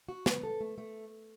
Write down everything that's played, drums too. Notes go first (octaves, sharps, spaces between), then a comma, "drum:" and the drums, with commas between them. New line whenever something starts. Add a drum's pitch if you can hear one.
F#4
B3, drum: snare
A4
A3
A3